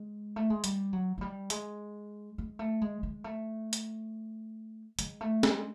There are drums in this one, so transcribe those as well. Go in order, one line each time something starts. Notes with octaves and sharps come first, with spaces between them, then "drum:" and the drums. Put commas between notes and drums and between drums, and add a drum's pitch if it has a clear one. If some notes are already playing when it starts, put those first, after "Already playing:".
Already playing: G#3
A3
G#3
G3, drum: hi-hat
F#3
F#3
G3
G#3, drum: hi-hat
G#3
A3
G#3
G#3
A3
drum: hi-hat
G#3, drum: hi-hat
A3
G#3, drum: snare